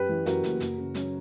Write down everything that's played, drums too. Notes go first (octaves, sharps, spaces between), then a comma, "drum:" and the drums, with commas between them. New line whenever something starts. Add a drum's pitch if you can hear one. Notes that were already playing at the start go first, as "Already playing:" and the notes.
Already playing: F#2 G4 B4
E3
F#2 F#4 A#4, drum: hi-hat
F#1, drum: hi-hat
F#1, drum: hi-hat
C#3
F#3 C#4, drum: hi-hat